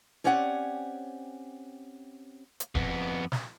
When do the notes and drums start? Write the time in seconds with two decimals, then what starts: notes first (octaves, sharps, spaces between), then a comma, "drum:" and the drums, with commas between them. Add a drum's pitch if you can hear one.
0.24 C4 C#4 G4 D5 F#5 G#5
2.60 drum: hi-hat
2.75 F2 B3, drum: kick E1
3.32 drum: snare